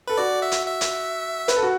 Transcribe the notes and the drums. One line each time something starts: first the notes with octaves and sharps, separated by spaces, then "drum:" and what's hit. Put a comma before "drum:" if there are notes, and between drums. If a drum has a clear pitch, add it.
A4 B4
F#4 D5
E5
drum: hi-hat
E5
drum: hi-hat
B4, drum: hi-hat
A4
F#4